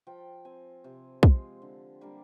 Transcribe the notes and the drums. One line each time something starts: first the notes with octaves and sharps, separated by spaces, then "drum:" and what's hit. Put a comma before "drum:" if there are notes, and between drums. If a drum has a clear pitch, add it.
F3 G5
C4 G#5
C3
F3 G#3, drum: kick
D3
G3 A#3 D4